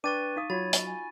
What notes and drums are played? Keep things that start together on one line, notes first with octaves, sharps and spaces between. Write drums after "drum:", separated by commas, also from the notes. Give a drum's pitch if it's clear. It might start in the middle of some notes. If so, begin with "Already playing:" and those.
D4 B4 G5 C#6 D6 A6 D#7
D#4 F5 D#6
F#3 F4 F#4 C#5 B5 A6
drum: hi-hat
G#5